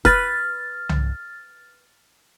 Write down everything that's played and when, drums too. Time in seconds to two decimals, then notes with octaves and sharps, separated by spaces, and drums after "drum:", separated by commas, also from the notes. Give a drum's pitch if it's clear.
0.05 B4 F6 A6, drum: kick F1
0.89 drum: tom C2